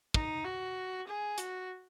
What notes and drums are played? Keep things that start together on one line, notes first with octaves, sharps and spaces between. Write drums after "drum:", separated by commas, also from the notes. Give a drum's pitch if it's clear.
D#4, drum: kick
F#4
G#4
F#4, drum: hi-hat